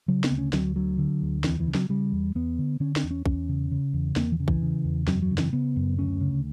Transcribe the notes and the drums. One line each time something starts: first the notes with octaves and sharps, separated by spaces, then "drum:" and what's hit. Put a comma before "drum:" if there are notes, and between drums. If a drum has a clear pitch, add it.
C#3 F#3
B3, drum: snare
D2
C#4
D2 F#3, drum: snare
D3 F#3
D3
D2
E2 E3, drum: snare
E3
C#3
F#3, drum: snare
C#3 G3
E2
E2 B3
D3
D3 C#4
D4, drum: snare
E2
C#4
E2 C#4, drum: kick
C#3
C#3
E2
E2 A#3, drum: snare
E3
C#3
E3, drum: kick
C#3
E2
F#2 F#3, drum: snare
F#3
C#3
E3, drum: snare
C#3 B3
F#2
D2 C#4
C#3